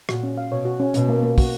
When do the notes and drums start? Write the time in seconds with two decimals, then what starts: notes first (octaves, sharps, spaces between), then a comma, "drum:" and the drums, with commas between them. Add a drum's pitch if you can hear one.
0.09 A#2 F#4, drum: rim click
0.23 C#4
0.37 F5
0.51 B2 C#5
0.65 F#4
0.80 C#4
0.94 B2 C#4, drum: hi-hat
1.09 A#3
1.23 A#3
1.38 F#4, drum: kick, open hi-hat